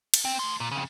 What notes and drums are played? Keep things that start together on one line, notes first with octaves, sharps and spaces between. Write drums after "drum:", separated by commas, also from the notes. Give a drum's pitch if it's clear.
drum: cymbal
C4
A3 C6
A#2
F2 C#3